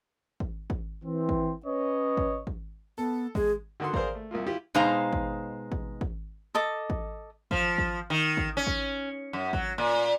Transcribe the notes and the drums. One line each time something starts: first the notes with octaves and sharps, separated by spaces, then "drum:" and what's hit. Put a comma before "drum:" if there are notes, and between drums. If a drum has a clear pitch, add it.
drum: kick
drum: kick
E3 C4
drum: kick
C#4 B4 C#5 D#5
drum: kick
drum: kick
B3 A4
G#3 G#4, drum: kick
D3 D#3 F#4 A4 C6
G#4 A#4 C5 D5 F5 A#5, drum: kick
A3
C2 A#2 A#3 F4
E4 F4 G4
B2 G#3 D#4 C5 F5 A#5
drum: kick
drum: kick
drum: kick
A4 D#5 D6
drum: kick
F3, drum: kick
drum: kick
D#3
drum: kick
C#4
drum: kick
F#2
F#3, drum: kick
A#2